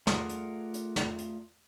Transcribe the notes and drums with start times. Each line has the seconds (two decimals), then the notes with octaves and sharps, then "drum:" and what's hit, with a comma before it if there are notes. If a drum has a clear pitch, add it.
0.07 A3 F4 G#4 A#4 D5 F#5, drum: snare
0.29 drum: hi-hat
0.74 drum: hi-hat
0.96 drum: snare
1.18 drum: hi-hat